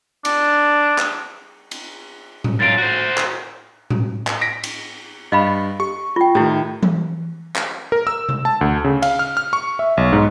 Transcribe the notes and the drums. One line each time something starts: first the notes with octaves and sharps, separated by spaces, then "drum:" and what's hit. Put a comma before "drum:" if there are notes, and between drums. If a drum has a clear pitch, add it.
D4, drum: cymbal
drum: clap
drum: cymbal
drum: tom A2
F#2 F4 A6 D7
F#4 C5
drum: clap
drum: tom A2
drum: clap
A#6 B6 D7
drum: cymbal
G2 D#5 F5 B5
G4 C#6
F4 G5
A2 D#3 E4 G4
drum: tom E3
drum: clap
A#4
E6
drum: tom C3
A5
D2
C#3
F5, drum: cymbal
F6
F6
C#6
E5
B1
G#2